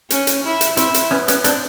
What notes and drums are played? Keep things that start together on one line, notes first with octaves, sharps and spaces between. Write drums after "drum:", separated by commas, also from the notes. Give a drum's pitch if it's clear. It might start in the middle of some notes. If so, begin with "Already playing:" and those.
C#4, drum: hi-hat
drum: hi-hat
E4
drum: hi-hat
C4 E4, drum: hi-hat
drum: hi-hat
B3 C#4
B3 C#4, drum: hi-hat
C4 D4, drum: hi-hat